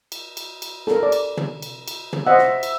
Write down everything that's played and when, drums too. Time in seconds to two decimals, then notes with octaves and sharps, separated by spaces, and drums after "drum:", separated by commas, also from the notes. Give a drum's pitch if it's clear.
0.12 drum: cymbal
0.37 drum: cymbal
0.62 drum: cymbal
0.87 A4 A#4, drum: snare
1.03 D5
1.12 drum: cymbal
1.37 drum: tom
1.62 drum: cymbal
1.88 drum: cymbal
2.13 drum: tom
2.27 C5 D#5 E5 F#5
2.38 drum: snare
2.63 drum: cymbal